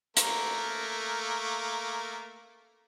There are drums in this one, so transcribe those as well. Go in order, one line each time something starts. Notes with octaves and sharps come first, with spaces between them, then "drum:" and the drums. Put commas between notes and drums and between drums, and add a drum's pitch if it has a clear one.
A3 A#3 A#4, drum: hi-hat